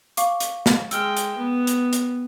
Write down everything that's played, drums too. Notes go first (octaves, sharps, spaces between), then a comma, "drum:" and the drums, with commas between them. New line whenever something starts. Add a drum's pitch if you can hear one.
F5 C#6 D6, drum: hi-hat
drum: hi-hat
drum: snare
G#3 G5 E6 F6, drum: hi-hat
drum: hi-hat
B3
drum: hi-hat
drum: hi-hat